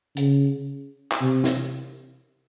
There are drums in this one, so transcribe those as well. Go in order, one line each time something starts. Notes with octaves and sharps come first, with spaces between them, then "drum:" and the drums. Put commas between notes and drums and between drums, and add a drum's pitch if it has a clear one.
C#3, drum: hi-hat
drum: clap
C3
drum: snare